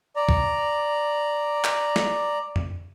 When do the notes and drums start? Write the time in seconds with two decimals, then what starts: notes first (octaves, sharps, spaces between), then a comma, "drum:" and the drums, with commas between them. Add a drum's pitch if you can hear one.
0.16 D5 A#5
0.29 drum: kick
1.64 drum: clap
1.96 drum: snare
2.56 drum: tom F2